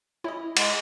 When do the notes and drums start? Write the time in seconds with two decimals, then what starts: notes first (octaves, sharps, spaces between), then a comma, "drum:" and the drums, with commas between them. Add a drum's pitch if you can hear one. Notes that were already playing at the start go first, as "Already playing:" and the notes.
0.24 C#4 E4 D#5
0.57 G#3 D#5 F#5, drum: cymbal